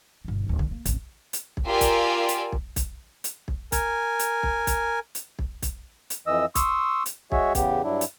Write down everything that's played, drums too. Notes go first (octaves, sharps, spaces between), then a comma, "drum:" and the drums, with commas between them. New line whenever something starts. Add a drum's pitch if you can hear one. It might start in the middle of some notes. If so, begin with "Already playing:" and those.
G1 B2
D1 A#2
D3, drum: kick
A#3
A1 F2, drum: kick, hi-hat
drum: hi-hat
drum: kick
F4 G4 A#4 D5 G#5 E6
drum: kick, hi-hat
drum: hi-hat
drum: kick
drum: kick, hi-hat
drum: hi-hat
drum: kick
A#4 G#5, drum: kick, hi-hat
drum: hi-hat
drum: kick
drum: kick, hi-hat
drum: hi-hat
drum: kick
drum: kick, hi-hat
drum: hi-hat
F2 E3 D#5 E6
C6 C#6 D#6 E6, drum: kick, hi-hat
drum: hi-hat
G#3 F#4 G#4 C#5 E5, drum: kick
E2 C#3 B3 G4, drum: kick, hi-hat
G2 F#3 D4 E4
drum: hi-hat